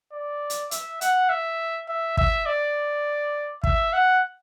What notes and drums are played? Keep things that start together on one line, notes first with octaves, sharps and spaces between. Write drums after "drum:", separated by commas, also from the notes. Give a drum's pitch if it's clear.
D5
drum: hi-hat
E5, drum: hi-hat
F#5, drum: hi-hat
E5
E5
E5, drum: kick
D5
E5, drum: kick
F#5